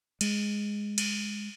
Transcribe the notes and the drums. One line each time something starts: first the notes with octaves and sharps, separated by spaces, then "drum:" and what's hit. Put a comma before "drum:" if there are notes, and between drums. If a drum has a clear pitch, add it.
G#3, drum: cymbal
drum: cymbal